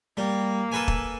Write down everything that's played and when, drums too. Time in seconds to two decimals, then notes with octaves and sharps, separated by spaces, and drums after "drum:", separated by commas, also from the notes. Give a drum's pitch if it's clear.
0.17 G3 A#3
0.72 A4 B4 G#5
0.88 drum: kick